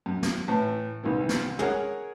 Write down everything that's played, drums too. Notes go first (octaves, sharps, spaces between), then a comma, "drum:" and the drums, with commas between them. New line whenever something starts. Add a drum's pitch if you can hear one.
F#2
drum: snare
A2 E3
C2 D#3 E3
drum: snare
G#4 A#4 C#5 F#5, drum: tom